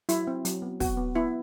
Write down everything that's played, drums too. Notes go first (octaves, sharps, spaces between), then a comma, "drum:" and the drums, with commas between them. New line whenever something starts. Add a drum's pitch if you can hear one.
F#3 E4, drum: hi-hat
C4
F#3, drum: hi-hat
B3
B3 F#4, drum: kick, open hi-hat
B3
B3 E4